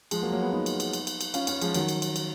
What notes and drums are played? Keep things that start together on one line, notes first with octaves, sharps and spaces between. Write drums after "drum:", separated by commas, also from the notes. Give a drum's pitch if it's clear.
F3 G#3, drum: cymbal
F#3 A#3
F#3 A#3
G#3 B3
B3 D#4
drum: cymbal
drum: cymbal
drum: cymbal
drum: cymbal
drum: cymbal
C#4 F4, drum: cymbal
C#4 F4, drum: cymbal
F3 G#3, drum: cymbal
D#3 F#3, drum: cymbal
drum: cymbal
drum: cymbal
drum: cymbal